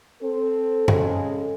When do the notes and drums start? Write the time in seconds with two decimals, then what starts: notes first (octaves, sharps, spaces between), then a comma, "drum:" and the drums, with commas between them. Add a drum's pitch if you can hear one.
0.20 C4 A4
0.88 C#3 G#3 C#4 A4, drum: tom F#2